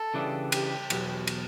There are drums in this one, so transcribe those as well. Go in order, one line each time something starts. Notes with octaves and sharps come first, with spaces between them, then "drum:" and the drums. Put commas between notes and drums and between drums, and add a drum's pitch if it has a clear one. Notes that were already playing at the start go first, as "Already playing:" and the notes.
Already playing: A4
C#3 E3 G3 D4
G4, drum: cymbal
E2 B2 F#3, drum: cymbal
drum: cymbal